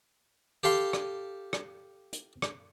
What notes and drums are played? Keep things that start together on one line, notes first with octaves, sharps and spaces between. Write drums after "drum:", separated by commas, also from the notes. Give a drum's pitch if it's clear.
G4 A4 F5 C6
drum: rim click
drum: rim click
drum: hi-hat
drum: rim click